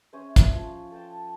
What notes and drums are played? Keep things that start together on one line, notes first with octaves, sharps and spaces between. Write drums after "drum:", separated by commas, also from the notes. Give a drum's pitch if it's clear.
C#4 G#4 C5 E5
drum: kick, hi-hat
F3 F5
A4 G5 A5